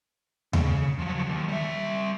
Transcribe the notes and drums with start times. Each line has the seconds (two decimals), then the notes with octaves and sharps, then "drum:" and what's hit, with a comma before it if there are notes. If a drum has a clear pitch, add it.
0.53 C#3, drum: tom D#2
0.99 F3 F#3
1.29 D#2
1.48 G3 E5